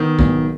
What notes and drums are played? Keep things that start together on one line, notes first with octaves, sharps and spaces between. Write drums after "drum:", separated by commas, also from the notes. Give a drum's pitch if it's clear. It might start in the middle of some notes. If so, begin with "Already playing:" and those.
Already playing: D#3 B3
B1, drum: kick